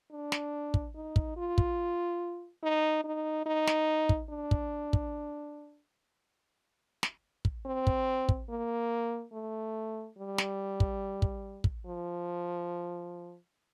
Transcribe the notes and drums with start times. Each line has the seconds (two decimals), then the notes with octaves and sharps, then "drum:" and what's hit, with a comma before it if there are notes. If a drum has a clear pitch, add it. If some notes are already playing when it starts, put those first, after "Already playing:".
0.11 D4
0.32 drum: snare
0.74 drum: kick
0.95 D#4
1.16 drum: kick
1.37 F4
1.58 drum: kick
2.63 D#4
3.04 D#4
3.46 D#4
3.67 drum: snare
4.09 drum: kick
4.30 D4
4.51 drum: kick
4.93 drum: kick
7.03 drum: snare
7.45 drum: kick
7.66 C4
7.87 drum: kick
8.29 drum: kick
8.50 A#3
9.33 A3
10.18 G3
10.38 drum: snare
10.80 drum: kick
11.22 drum: kick
11.64 drum: kick
11.86 F3